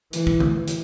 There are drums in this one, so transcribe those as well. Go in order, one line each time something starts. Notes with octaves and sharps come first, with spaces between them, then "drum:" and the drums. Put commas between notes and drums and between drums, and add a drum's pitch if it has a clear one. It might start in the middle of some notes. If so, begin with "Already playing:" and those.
E3, drum: hi-hat
drum: kick
drum: tom D3
drum: hi-hat